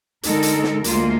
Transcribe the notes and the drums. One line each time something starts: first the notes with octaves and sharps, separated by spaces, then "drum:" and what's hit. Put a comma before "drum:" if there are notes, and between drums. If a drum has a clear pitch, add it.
D3 G#3 D#4 A4 A#4, drum: hi-hat
drum: hi-hat
drum: snare
D2 G#3 A#3 F4, drum: hi-hat